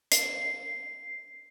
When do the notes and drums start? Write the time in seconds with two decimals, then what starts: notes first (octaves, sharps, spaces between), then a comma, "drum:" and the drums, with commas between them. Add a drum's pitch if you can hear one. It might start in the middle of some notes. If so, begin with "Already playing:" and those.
0.12 C7, drum: hi-hat